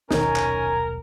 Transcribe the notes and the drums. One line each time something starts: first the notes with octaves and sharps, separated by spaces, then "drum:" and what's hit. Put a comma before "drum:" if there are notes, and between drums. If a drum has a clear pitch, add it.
D#1 B1 D#3 C#4 D#4 A#4 G#5 A#5, drum: snare
drum: clap